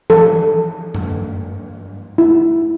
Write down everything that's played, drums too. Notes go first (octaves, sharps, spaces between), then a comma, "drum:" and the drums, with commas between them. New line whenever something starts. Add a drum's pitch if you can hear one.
A4, drum: tom E3
drum: tom F#2
E4